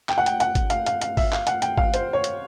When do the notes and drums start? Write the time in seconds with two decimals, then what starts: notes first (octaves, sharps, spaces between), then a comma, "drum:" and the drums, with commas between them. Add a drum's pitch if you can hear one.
0.09 G5, drum: clap
0.18 F#5
0.26 G5, drum: hi-hat
0.40 F#5, drum: hi-hat
0.55 drum: kick G#1, hi-hat
0.70 F5, drum: hi-hat
0.86 F5, drum: hi-hat
1.01 F5, drum: hi-hat
1.17 E5, drum: kick G#1, open hi-hat
1.33 F5, drum: clap
1.47 F#5, drum: hi-hat
1.62 G5, drum: hi-hat
1.78 F5, drum: kick G#1
1.94 C5, drum: hi-hat
2.13 C#5
2.24 drum: hi-hat